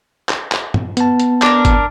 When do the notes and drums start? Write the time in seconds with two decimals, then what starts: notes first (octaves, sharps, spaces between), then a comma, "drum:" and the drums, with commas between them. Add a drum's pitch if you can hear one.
0.29 drum: clap
0.52 drum: clap
0.74 drum: tom
0.97 B3 A5, drum: hi-hat
1.20 drum: hi-hat
1.42 D4 A#4, drum: clap
1.65 drum: kick G1, hi-hat